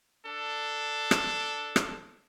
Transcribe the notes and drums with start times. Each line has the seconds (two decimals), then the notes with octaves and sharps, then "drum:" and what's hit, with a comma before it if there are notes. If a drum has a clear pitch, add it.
0.25 D4 A4
1.11 drum: rim click
1.76 drum: rim click